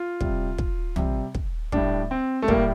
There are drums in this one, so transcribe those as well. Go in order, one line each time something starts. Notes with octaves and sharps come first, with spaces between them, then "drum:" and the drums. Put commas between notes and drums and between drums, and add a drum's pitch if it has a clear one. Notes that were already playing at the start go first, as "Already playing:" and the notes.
Already playing: F4
C3 G3, drum: kick
drum: kick
C3 G3, drum: tom
drum: kick
A2 G3 D4, drum: kick
C4
A3
A2 G3 A#3, drum: kick